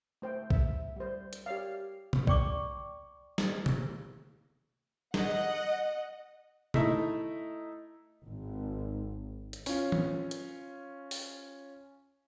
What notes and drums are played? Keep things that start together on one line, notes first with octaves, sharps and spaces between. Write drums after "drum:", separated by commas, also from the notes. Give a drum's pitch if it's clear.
A3 C5 G5
E5, drum: kick B1
G3 C5
drum: hi-hat
G4 C#5 D5 F5
drum: tom
D5 G5 C#6 D6, drum: kick B1
drum: snare
drum: tom
D#5 F#5, drum: snare
A3 D#4 E4 E5, drum: tom
G#1
drum: hi-hat
C#4 F4, drum: open hi-hat
drum: tom
drum: hi-hat
drum: open hi-hat